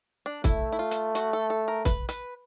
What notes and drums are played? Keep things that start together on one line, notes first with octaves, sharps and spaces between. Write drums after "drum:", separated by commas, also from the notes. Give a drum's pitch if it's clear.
D4
A3 E4, drum: kick, hi-hat
E4
F4
drum: hi-hat
F#4, drum: hi-hat
A4
A4
A#4
B4, drum: kick, hi-hat
B4, drum: hi-hat